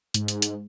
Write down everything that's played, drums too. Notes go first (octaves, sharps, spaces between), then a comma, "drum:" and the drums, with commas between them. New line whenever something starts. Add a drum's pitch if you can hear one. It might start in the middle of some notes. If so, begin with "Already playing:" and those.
G#2, drum: hi-hat
drum: hi-hat
drum: hi-hat